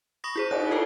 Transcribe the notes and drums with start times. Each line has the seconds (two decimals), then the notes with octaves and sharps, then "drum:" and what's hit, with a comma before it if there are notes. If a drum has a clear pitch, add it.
0.24 B5 C#6 D#6 A#6
0.36 E4 G#4 C5
0.51 F#6, drum: cymbal
0.71 F4 A4 B4